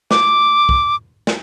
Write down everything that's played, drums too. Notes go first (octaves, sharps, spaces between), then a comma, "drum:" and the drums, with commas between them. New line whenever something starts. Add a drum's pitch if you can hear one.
D6, drum: snare
drum: kick
drum: snare